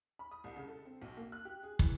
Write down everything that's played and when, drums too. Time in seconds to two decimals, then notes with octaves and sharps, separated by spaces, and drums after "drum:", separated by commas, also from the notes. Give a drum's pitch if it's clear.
0.19 B5
0.31 D#6
0.44 C2
0.56 C#3
0.68 A4
0.85 C4
1.01 B1
1.17 A#3
1.32 F#6
1.45 G4
1.63 G#4
1.79 E3, drum: kick